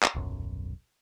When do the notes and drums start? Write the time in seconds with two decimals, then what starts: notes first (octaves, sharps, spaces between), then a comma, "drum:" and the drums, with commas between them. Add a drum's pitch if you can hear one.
0.03 drum: clap
0.15 D#1 B1 F#2